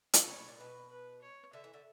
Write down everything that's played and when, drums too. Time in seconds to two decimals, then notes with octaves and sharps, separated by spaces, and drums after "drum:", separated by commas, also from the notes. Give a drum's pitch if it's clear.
0.13 drum: hi-hat
0.25 C#3 C#5
0.37 B2
0.48 A#2
0.57 B2 B4
0.90 B4
1.22 C#5
1.53 D3 E5
1.64 E3
1.74 D3